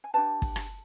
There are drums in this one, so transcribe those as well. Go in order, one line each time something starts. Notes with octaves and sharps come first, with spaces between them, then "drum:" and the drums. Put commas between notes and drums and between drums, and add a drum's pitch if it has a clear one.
G#5
D4 G4 B4 A5
drum: kick
drum: rim click